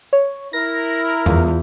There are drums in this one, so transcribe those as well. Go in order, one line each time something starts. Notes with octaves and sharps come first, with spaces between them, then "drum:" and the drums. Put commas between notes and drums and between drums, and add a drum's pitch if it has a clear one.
C#5
E4 A#4 A#6
E2 F4, drum: tom F2